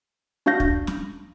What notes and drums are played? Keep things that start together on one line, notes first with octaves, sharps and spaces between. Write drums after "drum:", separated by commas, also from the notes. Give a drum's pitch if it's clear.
D4 F#4 F5 G6 A#6
drum: kick
drum: snare